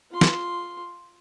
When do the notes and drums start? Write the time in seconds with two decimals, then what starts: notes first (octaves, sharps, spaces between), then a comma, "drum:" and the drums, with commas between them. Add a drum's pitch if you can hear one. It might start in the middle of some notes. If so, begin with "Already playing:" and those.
0.11 F4 C6
0.21 drum: snare